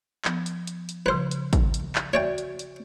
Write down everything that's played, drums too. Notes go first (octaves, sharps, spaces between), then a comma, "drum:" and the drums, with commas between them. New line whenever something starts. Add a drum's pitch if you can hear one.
F3 B3, drum: clap
drum: hi-hat
drum: hi-hat
drum: hi-hat
C#3 F3 B4 C5
drum: hi-hat
drum: kick, hi-hat
drum: hi-hat
drum: clap
F#4 C#5 D5 E5 G5
drum: hi-hat
drum: hi-hat